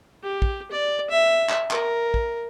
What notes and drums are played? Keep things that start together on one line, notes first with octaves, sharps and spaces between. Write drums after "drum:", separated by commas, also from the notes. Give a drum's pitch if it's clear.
G4
drum: kick
D5
E5
drum: clap
A#4, drum: clap
drum: kick